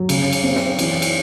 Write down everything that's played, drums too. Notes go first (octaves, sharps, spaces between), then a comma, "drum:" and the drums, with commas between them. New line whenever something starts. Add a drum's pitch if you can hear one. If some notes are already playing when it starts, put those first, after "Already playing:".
Already playing: F#3
C#3, drum: cymbal
drum: cymbal
C4
drum: snare
E3, drum: cymbal
drum: cymbal